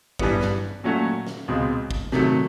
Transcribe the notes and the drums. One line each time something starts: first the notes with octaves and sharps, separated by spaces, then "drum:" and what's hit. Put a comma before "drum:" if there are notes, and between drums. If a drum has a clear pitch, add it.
G2 E3 G3 B3, drum: kick
drum: snare
A#2 F#3 A3 C#4 F#4
drum: snare
C#2 B2 G#3 C4
drum: kick
C3 D#3 F#3 A3, drum: snare